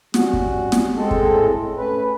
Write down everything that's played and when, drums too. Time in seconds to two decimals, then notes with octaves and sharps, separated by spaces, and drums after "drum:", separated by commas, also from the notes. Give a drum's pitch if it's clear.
0.14 G3 C#4 F#4, drum: snare
0.33 drum: kick
0.72 drum: snare
0.95 G#3 C4 A4
1.11 drum: kick
1.33 A2
1.77 A3 C#4 B4